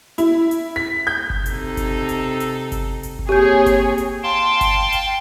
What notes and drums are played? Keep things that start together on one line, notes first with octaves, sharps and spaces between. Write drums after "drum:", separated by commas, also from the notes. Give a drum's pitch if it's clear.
E4, drum: hi-hat
drum: hi-hat
B6
G6
drum: kick G1
C3 D#4 A4, drum: hi-hat
drum: kick G1, hi-hat
drum: hi-hat
drum: hi-hat
drum: kick G1, hi-hat
drum: hi-hat
drum: kick G1
A#3 C4 G4 G#4 C#5 G6
drum: kick G1, hi-hat
drum: hi-hat
F5 G5 A5 C6
drum: kick G1, hi-hat
drum: hi-hat